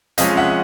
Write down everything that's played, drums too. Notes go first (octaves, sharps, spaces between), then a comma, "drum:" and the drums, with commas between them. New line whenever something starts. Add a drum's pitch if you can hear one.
C3 F3 G#3 C#4 D#5 F5, drum: hi-hat
E5 F#5